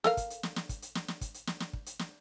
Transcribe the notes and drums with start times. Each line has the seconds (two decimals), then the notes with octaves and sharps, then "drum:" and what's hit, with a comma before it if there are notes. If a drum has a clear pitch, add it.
0.04 A4 A#4 F5, drum: snare
0.17 drum: kick, hi-hat
0.30 drum: hi-hat
0.43 drum: snare
0.56 drum: snare
0.69 drum: kick, hi-hat
0.82 drum: hi-hat
0.95 drum: snare
1.08 drum: snare
1.21 drum: kick, hi-hat
1.34 drum: hi-hat
1.47 drum: snare
1.60 drum: snare
1.73 drum: kick
1.86 drum: hi-hat
1.99 drum: snare